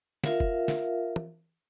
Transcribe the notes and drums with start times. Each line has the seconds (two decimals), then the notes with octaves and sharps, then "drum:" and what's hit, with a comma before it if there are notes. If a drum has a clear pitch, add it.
0.24 F4 A#4 E5 F5, drum: snare
0.40 drum: kick F1
0.68 drum: snare
1.16 drum: tom